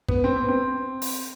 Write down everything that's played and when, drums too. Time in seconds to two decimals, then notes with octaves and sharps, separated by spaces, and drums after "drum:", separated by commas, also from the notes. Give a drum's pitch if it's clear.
0.08 B3, drum: kick
0.24 C4
0.36 B3
0.48 C4
1.02 drum: open hi-hat